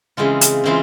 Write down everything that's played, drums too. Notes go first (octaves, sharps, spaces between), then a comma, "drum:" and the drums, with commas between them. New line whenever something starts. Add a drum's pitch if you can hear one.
C#3 E3 G#3 C4 F4
drum: hi-hat
C#3 E3 G#3 C4 F4